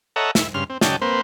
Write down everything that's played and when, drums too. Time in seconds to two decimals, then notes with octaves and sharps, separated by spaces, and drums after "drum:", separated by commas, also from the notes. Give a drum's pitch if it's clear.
0.16 A4 C#5 D#5 E5 F#5 A#5
0.35 E4, drum: snare
0.54 G2 C#3 C6 F6
0.70 C4
0.81 C#3 F#3 D5 D#5 G5 A5, drum: snare
1.02 A#3 C4 B4 C5